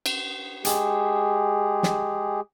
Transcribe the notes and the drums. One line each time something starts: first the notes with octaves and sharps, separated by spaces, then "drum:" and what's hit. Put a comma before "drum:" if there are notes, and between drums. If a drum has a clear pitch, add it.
drum: cymbal
G#3 G4 G#4, drum: hi-hat
drum: snare